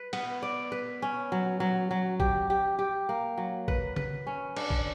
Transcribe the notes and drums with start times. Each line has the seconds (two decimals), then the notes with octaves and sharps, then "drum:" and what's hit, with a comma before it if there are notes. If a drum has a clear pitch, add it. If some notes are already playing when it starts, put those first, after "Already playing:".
Already playing: B4
0.13 B3, drum: cymbal
0.43 D5
0.72 B4
1.02 C#4
1.32 F#3
1.60 F#3
1.91 F#3
2.20 G4, drum: kick A1
2.50 G4
2.79 G4
3.09 A#3
3.37 F#3
3.68 B4, drum: kick A1
3.96 B4, drum: tom C#3
4.27 C#4
4.56 D4, drum: cymbal
4.70 drum: kick A1